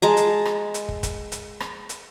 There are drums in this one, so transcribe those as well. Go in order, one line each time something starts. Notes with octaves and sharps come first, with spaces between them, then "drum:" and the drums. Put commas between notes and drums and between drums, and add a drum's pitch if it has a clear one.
G#3 A5 A#5
drum: hi-hat
drum: rim click
drum: hi-hat
drum: kick
drum: kick, hi-hat
drum: hi-hat
drum: rim click
drum: hi-hat